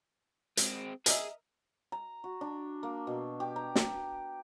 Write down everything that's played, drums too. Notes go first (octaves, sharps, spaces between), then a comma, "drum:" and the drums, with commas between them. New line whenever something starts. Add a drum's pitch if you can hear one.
G#3 C4, drum: hi-hat
G#4 A#4 D#5 E5, drum: hi-hat
A#5
F#4
D4
A#3
B2
G4
A#5
drum: snare